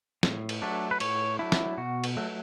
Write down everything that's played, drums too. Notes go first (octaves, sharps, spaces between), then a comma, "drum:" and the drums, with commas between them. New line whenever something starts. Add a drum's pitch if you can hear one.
A2, drum: snare
drum: cymbal
F#3 A3 D4
B4
A2 C#5, drum: cymbal
F#3 A3 D4 E4
drum: snare
B2 F#4
drum: cymbal
F#3 A3